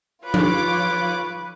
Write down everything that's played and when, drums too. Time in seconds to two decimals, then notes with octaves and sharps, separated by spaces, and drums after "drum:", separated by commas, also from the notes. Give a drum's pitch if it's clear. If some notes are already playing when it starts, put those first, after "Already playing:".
0.25 F4 B4 C#5 D6
0.34 drum: tom F3